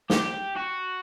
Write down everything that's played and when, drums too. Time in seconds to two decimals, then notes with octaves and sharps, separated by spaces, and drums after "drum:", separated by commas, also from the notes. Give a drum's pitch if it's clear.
0.10 G4, drum: snare
0.56 F#4